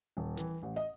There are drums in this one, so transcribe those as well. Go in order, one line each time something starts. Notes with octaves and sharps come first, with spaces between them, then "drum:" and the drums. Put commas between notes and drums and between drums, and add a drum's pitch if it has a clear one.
D#1
E3, drum: hi-hat
A1
D#5